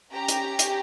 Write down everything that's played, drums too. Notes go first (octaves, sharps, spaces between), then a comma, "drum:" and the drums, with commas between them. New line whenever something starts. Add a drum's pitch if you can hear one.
C#4 G4 A#5
drum: hi-hat
drum: hi-hat